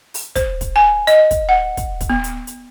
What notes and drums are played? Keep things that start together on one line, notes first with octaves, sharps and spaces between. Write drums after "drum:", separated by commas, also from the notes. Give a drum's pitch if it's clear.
drum: open hi-hat
C5, drum: kick, hi-hat
drum: kick, hi-hat
G#5
D#5, drum: hi-hat
drum: kick, hi-hat
F#5
drum: kick, hi-hat
drum: kick, hi-hat
B3
drum: hi-hat
drum: hi-hat